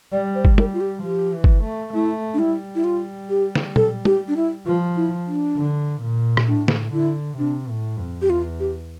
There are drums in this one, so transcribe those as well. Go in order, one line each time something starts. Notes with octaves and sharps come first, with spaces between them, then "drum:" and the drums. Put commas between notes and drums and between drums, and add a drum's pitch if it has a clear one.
G3 D5
C5
drum: kick
G3 A#4, drum: tom
F4
G4
F3 G4
E3
drum: kick
A3
A3 E4
D4
G3 E4
E4
F4
G4
drum: snare
A4, drum: tom A#2
G4, drum: tom
D4
E4
F3 F4
E4
D4
D3
A#2
drum: rim click
A2 D4
drum: snare
D3 E4
C3 D4
A2
F2
G4
E2 F4
G4